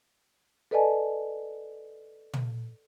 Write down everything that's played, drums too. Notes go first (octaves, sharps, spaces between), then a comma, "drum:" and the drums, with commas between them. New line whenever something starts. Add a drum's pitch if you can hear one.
A4 B4 D5 D#5 G#5 A5
drum: tom